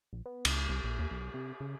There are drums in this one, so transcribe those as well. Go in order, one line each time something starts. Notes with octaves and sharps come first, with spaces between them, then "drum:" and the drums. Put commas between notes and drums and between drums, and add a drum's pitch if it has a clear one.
A#1
B3
C#2, drum: cymbal
C2
A#1
D#2
B1
C3
C#3